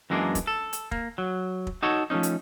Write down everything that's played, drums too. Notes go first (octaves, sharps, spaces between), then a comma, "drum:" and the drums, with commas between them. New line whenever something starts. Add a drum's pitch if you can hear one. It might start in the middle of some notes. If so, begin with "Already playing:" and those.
F#2 E3 G#3 A#3 B3 D4
drum: kick, hi-hat
A4
drum: hi-hat
A#3, drum: kick
F#3
drum: kick
D#4 F#4 A4 C#5
F3 A3 A#3 C#4 D#4
drum: hi-hat